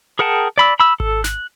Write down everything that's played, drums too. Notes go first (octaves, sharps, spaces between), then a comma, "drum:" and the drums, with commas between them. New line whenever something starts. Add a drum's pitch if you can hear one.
G#4 A#4 F#5 G5 A5
D5 B5 E6
B5 E6
A4, drum: kick G#1
F#6, drum: snare